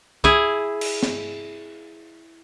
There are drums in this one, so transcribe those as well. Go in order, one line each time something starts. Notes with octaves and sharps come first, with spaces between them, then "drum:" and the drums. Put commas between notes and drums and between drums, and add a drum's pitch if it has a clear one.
E4 G#4, drum: kick C2
drum: cymbal
drum: snare